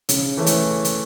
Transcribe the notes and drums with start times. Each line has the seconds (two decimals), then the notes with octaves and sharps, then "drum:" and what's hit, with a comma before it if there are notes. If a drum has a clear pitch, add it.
0.09 C#3, drum: hi-hat
0.37 E3 A3 C#4
0.46 drum: hi-hat
0.85 drum: hi-hat